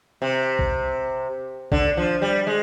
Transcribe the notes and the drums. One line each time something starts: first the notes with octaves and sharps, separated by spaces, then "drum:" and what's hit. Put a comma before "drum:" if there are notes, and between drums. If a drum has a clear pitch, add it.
C3
drum: kick
D3, drum: kick
F3
G3
G#3